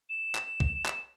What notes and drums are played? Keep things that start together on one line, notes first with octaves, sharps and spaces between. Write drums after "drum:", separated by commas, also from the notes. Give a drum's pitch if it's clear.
E7
drum: clap
drum: kick B1
drum: clap